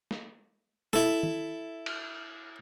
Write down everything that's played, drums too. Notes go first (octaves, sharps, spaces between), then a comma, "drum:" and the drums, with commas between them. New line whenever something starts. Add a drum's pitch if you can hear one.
drum: snare
E4 A4, drum: snare
drum: tom
drum: cymbal